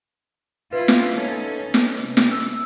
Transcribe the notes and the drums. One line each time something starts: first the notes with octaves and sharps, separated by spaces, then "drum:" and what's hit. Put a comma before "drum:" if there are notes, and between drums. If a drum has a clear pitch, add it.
E4 F4 B4
drum: snare
C#4 D#4 A4
drum: snare
C3
drum: snare
E6